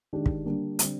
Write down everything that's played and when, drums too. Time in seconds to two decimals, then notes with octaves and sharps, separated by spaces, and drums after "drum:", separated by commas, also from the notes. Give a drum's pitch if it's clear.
0.13 D#3 G#3 D4 G4
0.26 drum: kick
0.45 D3 G3 A#3 D4
0.79 D3 G3 C4, drum: hi-hat